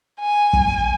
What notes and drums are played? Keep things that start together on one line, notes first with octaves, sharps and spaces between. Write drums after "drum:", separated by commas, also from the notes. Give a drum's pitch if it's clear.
G#5
drum: kick